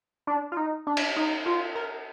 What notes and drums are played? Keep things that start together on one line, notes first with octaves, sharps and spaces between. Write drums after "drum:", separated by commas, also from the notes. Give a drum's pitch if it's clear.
D4
F4
D#4
D4
drum: cymbal
D#4
F4
A#4